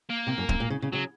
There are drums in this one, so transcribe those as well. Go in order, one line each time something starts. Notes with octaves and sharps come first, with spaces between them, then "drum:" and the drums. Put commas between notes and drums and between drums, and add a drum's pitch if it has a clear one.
A#3
C3
F#2
F#2, drum: kick
A#2
C#3
C#3
C#3 F#3